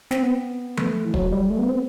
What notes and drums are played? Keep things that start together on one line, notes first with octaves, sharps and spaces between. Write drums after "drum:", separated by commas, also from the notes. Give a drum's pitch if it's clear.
C4, drum: snare
B3
A3, drum: tom F3
E3
F#3, drum: kick
G3
A3
B3
C4